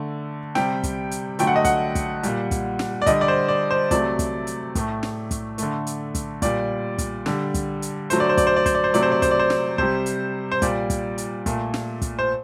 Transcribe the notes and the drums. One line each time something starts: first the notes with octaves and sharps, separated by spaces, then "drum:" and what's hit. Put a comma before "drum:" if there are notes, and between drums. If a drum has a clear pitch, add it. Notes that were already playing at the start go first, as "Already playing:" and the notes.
Already playing: D3 A3
C3 G3 G5, drum: snare
drum: kick, hi-hat
drum: hi-hat
D3 F#3 A3 G5, drum: hi-hat
F#5
D#5
F#5, drum: kick, hi-hat
drum: kick, hi-hat
A#2 G3, drum: hi-hat
drum: kick, hi-hat
drum: snare
D5
D3 G3 D#5, drum: kick, hi-hat
D5
C5
D5
C5
C3 F#3 A3 D5, drum: kick, hi-hat
drum: kick, hi-hat
drum: hi-hat
A2 A3, drum: kick, hi-hat
drum: snare
drum: kick, hi-hat
D3 A3, drum: hi-hat
drum: hi-hat
drum: kick, hi-hat
A#2 G3 D5, drum: kick, hi-hat
drum: kick, hi-hat
D3 G3, drum: snare
drum: kick, hi-hat
drum: hi-hat
D3 F#3 A3 C5, drum: hi-hat
D5
C5
D5, drum: kick, hi-hat
C5
D5
C5, drum: kick, hi-hat
D5
C5
C3 F#3 A3 D5, drum: hi-hat
C5
D5
C5, drum: kick, hi-hat
D5
C5
drum: snare
C3 G3 C5, drum: kick
drum: hi-hat
C5
A#2 G3 D5, drum: kick, hi-hat
drum: kick, hi-hat
drum: hi-hat
A#2 A3, drum: kick, hi-hat
drum: snare
drum: kick, hi-hat
C5